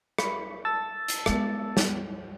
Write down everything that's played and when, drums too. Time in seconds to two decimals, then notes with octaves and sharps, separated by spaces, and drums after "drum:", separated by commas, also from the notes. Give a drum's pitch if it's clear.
0.18 B5, drum: rim click
0.65 A5 E6 A6
1.08 drum: hi-hat
1.26 G#3 B3, drum: rim click
1.77 drum: snare